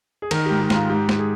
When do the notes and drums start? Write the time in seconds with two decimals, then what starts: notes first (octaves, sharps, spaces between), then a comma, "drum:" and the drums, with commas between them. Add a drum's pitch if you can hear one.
0.22 G#4
0.31 D#3 A#4, drum: cymbal
0.46 G#2 G4
0.61 G4
0.70 G#2 F4, drum: snare
0.89 G#2 G4
1.09 G#2, drum: snare
1.19 G#4